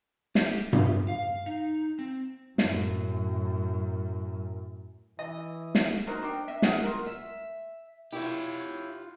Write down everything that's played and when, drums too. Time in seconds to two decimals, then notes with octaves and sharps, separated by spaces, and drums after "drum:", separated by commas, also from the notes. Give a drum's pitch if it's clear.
0.35 G4, drum: snare
0.73 C3, drum: tom G2
1.08 F5
1.46 D#4
1.99 C4
2.58 F#2 A2, drum: snare
5.19 E3 D#5
5.75 drum: snare
6.07 D#4 F#4 A#4 C5
6.23 D4 G5
6.48 D#5 E5
6.62 G#4 F5 F#5, drum: snare
6.83 F4 A#4
7.06 E5
8.13 E4 F4 G4 C#5